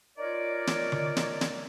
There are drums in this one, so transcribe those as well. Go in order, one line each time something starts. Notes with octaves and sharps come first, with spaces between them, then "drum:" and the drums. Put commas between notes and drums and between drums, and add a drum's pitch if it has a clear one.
D#4 F4 A#4 C#5 D5
drum: snare
drum: tom D3
drum: snare
drum: snare